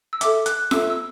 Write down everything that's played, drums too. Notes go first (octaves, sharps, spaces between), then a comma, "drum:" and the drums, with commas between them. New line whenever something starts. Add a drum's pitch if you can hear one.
E6
A4 E5 D6, drum: hi-hat
F#6, drum: hi-hat
A4 E5 E6, drum: snare F4
E6